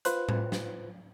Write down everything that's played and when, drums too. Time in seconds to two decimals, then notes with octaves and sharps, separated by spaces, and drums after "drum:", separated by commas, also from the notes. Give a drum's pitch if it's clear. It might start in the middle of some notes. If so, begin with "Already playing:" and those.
0.05 F4 B4 C5 F#6, drum: hi-hat
0.29 drum: tom A2
0.52 drum: snare